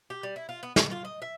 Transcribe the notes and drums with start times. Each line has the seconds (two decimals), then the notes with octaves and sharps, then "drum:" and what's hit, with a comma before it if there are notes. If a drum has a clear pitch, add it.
0.10 G4
0.23 G3
0.36 E4
0.49 F4
0.63 B3
0.76 D#3, drum: snare
0.91 F4
1.05 D#5
1.22 E5